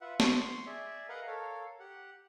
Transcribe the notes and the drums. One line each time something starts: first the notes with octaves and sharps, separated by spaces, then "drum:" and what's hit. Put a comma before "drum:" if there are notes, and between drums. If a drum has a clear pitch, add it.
F4 B4 E5 F#5
C6 C#6, drum: snare
G#4 D5 E5
A#4 B4 D#5 F5 F#5 A#5
A4 A#4 C#5 F5
G4 F#5